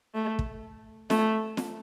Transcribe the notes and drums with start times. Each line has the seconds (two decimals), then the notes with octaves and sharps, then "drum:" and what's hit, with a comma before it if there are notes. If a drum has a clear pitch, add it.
0.15 A3
0.39 drum: kick
1.10 A3, drum: snare
1.57 drum: snare